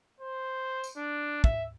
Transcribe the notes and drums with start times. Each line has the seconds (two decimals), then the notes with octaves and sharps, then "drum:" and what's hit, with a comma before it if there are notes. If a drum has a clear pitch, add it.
0.21 C5
0.84 drum: tambourine
0.97 D4
1.44 E5, drum: kick